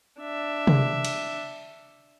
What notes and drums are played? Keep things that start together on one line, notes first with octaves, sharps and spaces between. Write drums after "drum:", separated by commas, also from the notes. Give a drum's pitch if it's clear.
D4 E5
drum: tom C3
drum: cymbal